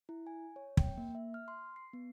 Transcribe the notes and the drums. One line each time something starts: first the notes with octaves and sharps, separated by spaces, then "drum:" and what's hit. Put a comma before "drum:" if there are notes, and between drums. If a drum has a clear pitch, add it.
E4
G#5
C#5
G5, drum: kick
A#3
E5
F6
C6
C7
B3